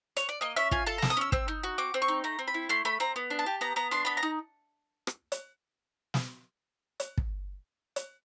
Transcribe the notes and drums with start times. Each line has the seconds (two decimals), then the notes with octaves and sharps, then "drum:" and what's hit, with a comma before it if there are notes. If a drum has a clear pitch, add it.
0.17 C#5, drum: hi-hat
0.29 D5
0.41 A#3 D#5
0.56 C#4 E5
0.71 F4 G#5, drum: kick
0.86 A4 A5
0.98 A#5
1.02 A#3, drum: snare
1.10 D#6
1.17 C#4 E6
1.32 C4 E6, drum: kick
1.48 D#4
1.63 F#4
1.78 C4 D6
1.94 C4
2.02 C#6
2.08 D#4
2.24 A3 A#5
2.39 C4
2.47 B5
2.54 E4
2.69 A3 C6
2.85 A3 B5
3.00 C4 A#5
3.16 B3
3.30 D4
3.39 A5
3.46 G4
3.61 B3 A#5
3.76 B3 A#5
3.91 D4 C6
4.05 B3 B5
4.17 A#5
4.23 D#4
5.07 drum: rim click
5.32 drum: hi-hat
6.14 drum: snare
7.00 drum: hi-hat
7.18 drum: kick
7.96 drum: hi-hat